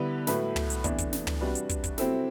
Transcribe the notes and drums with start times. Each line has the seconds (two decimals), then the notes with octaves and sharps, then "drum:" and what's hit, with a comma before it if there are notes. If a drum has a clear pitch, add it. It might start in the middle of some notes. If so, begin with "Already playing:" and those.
Already playing: D3 G3 B3 E4 B4
0.27 A2 F#3 A3 E4 B4, drum: snare
0.56 drum: tom
0.70 drum: hi-hat
0.84 E2 C3 E3 A3 D4, drum: kick, hi-hat
0.98 drum: kick, hi-hat
1.13 drum: snare
1.27 drum: tom
1.41 C3 G3 D4 F#4 B4
1.55 drum: hi-hat
1.69 drum: kick, hi-hat
1.84 drum: kick, hi-hat
1.98 C3 F#3 C4 E4 A4, drum: snare